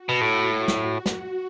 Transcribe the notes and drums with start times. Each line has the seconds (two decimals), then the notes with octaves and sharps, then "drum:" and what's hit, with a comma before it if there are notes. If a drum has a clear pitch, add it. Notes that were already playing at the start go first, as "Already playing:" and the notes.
Already playing: F#4
0.09 B2
0.21 A2
0.68 drum: snare
1.06 drum: snare